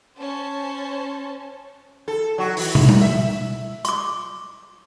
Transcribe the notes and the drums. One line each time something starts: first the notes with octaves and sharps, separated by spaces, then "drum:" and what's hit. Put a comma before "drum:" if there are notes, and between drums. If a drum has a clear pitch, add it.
C#4 C5 A5
A4
F#3 F#4
E3, drum: open hi-hat
drum: tom
drum: tom G3
E5
C#6 D6, drum: hi-hat